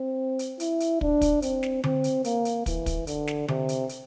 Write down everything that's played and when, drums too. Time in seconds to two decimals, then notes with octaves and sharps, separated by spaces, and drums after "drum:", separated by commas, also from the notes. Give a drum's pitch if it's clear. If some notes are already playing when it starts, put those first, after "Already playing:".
Already playing: C4
0.39 drum: hi-hat
0.60 E4, drum: hi-hat
0.80 drum: hi-hat
1.01 D4, drum: kick
1.21 drum: kick, hi-hat
1.42 C4, drum: hi-hat
1.63 drum: snare
1.84 C4, drum: tom D3
2.04 drum: hi-hat
2.24 A#3, drum: hi-hat
2.45 drum: hi-hat
2.66 E3, drum: kick, hi-hat
2.86 drum: kick, hi-hat
3.07 D3, drum: hi-hat
3.27 drum: snare
3.48 C3, drum: tom D3
3.69 drum: hi-hat
3.89 drum: hi-hat